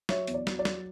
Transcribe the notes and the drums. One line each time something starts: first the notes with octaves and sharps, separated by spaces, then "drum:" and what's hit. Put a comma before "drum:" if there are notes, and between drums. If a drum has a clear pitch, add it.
F#3 C#5 E5, drum: snare
E2, drum: hi-hat
D5
F#3, drum: snare
D5
F#3, drum: snare